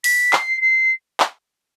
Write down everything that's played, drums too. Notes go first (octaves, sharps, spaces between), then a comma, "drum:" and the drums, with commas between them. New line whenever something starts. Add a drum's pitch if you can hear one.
B6, drum: open hi-hat
C7, drum: clap
C7
drum: clap